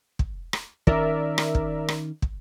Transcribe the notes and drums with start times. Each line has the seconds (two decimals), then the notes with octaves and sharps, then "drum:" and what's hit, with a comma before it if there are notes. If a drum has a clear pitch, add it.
0.19 drum: kick
0.53 drum: rim click
0.87 D#3 C#4 A#4 D5 E5, drum: kick
1.38 drum: rim click
1.55 drum: kick
1.88 drum: rim click
2.22 drum: kick